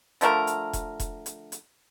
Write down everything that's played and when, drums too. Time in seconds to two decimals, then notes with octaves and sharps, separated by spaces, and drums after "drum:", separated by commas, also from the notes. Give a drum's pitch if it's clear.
0.21 D3 F3 A3 A#4, drum: hi-hat
0.47 drum: hi-hat
0.73 drum: kick E1, hi-hat
1.00 drum: kick E1, hi-hat
1.26 drum: hi-hat
1.52 drum: hi-hat